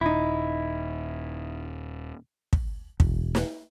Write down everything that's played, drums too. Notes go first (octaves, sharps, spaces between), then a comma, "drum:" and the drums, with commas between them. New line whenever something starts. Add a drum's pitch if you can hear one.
D#1 D#4 E4
drum: kick
E1, drum: kick
drum: snare